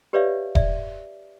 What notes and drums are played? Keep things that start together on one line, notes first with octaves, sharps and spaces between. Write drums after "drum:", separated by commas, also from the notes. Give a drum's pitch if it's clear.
G4 B4 C#5 D5 E5 F5
D5 E5, drum: kick E1